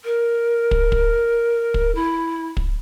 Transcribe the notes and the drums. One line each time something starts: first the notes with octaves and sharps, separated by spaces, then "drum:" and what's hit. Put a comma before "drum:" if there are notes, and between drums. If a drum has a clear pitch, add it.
A#4
drum: kick
drum: kick
drum: kick
E4
drum: kick